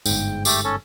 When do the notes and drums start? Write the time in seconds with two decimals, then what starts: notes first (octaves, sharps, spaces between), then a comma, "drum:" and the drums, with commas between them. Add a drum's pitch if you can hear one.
0.06 G1 G#2 G5, drum: tambourine
0.45 A3 G4 A4, drum: tambourine
0.64 C#4 A4